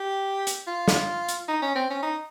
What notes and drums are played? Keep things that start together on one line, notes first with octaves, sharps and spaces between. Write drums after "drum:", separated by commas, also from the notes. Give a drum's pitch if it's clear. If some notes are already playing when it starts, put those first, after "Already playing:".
Already playing: G4
drum: hi-hat
F4
drum: snare
drum: hi-hat
D#4
C#4
C4
C#4
D#4